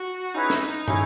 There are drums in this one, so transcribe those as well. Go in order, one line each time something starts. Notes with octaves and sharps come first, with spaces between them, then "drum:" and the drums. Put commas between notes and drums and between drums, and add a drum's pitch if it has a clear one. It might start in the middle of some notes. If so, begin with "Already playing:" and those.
Already playing: F#4
C#4 D#4 E4 G#4 B4
drum: snare
C#4 E4 G#4, drum: tom